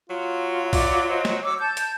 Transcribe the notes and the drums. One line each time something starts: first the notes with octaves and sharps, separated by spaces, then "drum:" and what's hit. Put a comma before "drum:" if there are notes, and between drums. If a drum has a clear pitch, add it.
F#3 F4
D5 E5 D6, drum: kick B1, open hi-hat
C5 D#5
drum: snare
C#5 D6 E6
A5 G6
drum: hi-hat